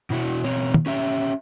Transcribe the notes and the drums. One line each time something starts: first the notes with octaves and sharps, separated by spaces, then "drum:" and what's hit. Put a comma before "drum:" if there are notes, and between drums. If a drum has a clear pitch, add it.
B2 E4 F#4
B2 C4 C#5
drum: tom
C#4 G4 E5